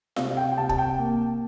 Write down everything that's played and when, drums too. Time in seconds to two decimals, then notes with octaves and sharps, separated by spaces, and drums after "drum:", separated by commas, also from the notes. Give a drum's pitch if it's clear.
0.16 C3 F5, drum: snare F4
0.31 F5
0.37 G5
0.52 G5
0.58 C3 A5
0.69 A5, drum: kick
0.78 G5
0.98 A#3